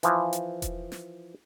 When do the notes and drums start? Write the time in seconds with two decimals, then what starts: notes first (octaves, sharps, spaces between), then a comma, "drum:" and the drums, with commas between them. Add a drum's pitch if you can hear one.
0.03 E3 F3, drum: hi-hat
0.33 drum: hi-hat
0.62 drum: kick E1, hi-hat
0.92 drum: snare